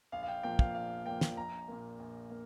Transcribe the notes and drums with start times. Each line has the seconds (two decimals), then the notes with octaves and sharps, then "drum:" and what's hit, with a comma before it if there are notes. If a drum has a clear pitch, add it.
0.12 A#1 F5
0.23 F5
0.28 G5
0.43 A#2 F3 A#3 G5
0.59 F5, drum: kick
0.74 A#1 F5
1.06 A#2 F3 A#3 G5
1.21 drum: snare
1.37 A#1 A#5
1.68 A#2 A#3
1.99 A#1
2.30 A#3